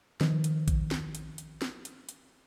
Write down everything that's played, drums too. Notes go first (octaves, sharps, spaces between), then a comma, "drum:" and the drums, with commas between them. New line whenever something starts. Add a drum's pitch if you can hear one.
D#3 F3, drum: snare
drum: hi-hat
drum: kick, hi-hat
drum: snare
drum: hi-hat
drum: hi-hat
drum: snare
drum: hi-hat
drum: hi-hat